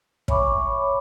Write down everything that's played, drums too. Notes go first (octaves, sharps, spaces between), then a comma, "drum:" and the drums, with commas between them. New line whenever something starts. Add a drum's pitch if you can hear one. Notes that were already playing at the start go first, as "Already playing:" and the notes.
C#5 E5 G#5 B5 C#6 D6, drum: kick